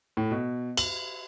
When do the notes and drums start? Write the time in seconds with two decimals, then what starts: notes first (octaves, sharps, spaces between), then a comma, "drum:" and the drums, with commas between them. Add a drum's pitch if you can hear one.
0.17 A2
0.31 B2
0.77 F#7, drum: cymbal